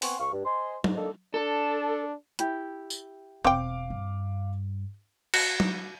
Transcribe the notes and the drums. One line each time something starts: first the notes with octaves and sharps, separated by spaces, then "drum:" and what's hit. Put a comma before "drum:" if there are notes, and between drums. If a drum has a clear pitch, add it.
B3 C4 F#5 G#5 C6 C#6, drum: open hi-hat
C#2 F5 C#6
G2
C5 D#5 G#5 C6
G#2, drum: tom F#3
D#3 A#3 D4 D#4 A4
D4 A4
E4 G4 B5, drum: hi-hat
drum: tambourine
E1 C4 F5 G5 D6
G2
F#4, drum: cymbal
drum: tom F#3